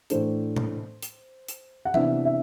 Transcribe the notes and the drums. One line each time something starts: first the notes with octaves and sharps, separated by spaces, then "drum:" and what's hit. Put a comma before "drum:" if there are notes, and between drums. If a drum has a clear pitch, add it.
A2 E3 A3 D4 C5, drum: hi-hat
drum: tom A#2
drum: hi-hat
drum: hi-hat
F#5
C3 E3 B3 D4 E5, drum: tom F3
E5